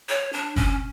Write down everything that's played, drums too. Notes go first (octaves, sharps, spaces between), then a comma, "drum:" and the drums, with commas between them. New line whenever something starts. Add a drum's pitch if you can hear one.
C#5
D4
C#4, drum: kick